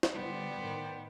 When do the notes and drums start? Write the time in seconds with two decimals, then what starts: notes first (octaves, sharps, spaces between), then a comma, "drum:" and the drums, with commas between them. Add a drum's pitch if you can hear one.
0.03 drum: snare
0.13 D3 G3 B3 C5 D5 G5
0.58 A2 D#3